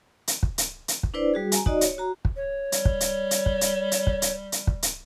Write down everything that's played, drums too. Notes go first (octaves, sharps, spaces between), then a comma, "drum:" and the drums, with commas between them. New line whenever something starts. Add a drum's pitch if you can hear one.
drum: hi-hat
drum: kick
drum: hi-hat
drum: hi-hat
drum: kick
D4 E4 B4 C5 D5
G3 F#4 G#4
G#5 A#5, drum: hi-hat
D#4 F#4 D5 D#5, drum: kick
C#5, drum: hi-hat
F#4 A#5
drum: kick
C#5
G3, drum: hi-hat
drum: kick
drum: hi-hat
drum: hi-hat
drum: kick
drum: hi-hat
drum: hi-hat
drum: kick
drum: hi-hat
drum: hi-hat
drum: kick
drum: hi-hat